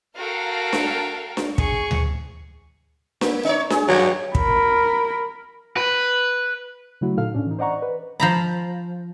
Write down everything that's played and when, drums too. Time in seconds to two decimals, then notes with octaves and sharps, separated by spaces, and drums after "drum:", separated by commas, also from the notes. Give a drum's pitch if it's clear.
0.16 F#4 A4 A#4 F5 G5
0.73 drum: snare D4
1.37 drum: snare D4
1.58 G#4 C#6, drum: kick
1.91 drum: tom D2
3.21 A#3, drum: snare D4
3.45 D4 C#5
3.70 G#4, drum: snare D4
3.88 F#2 F#3 G3
4.35 A#4 B5, drum: kick
5.77 B4
7.01 C#3 F#3 A3 E4 F#4
7.17 A#2 D3 D#4 A4 F5 F6
7.34 A2 C#4 D4
7.47 E3 D#4
7.58 C5 D5 D#5 F#5 A#5 C#6
7.82 B4
8.20 F3 A#5 B5